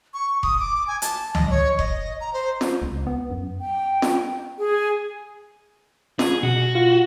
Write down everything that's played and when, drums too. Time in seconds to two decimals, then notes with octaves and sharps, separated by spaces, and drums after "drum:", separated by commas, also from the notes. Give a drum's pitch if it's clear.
0.14 C#6
0.43 D#6, drum: kick F1
0.60 D6
0.88 G#5
1.02 A5, drum: hi-hat
1.35 D#5, drum: tom C#2
1.50 C#5
1.79 D#5, drum: kick F1
2.20 A#5
2.33 C5
2.61 drum: snare
2.82 C#2
3.07 B3
3.31 F#2
3.61 G5
4.02 drum: snare
4.58 G#4
6.19 G#4, drum: snare
6.43 B2 F#4
6.75 F4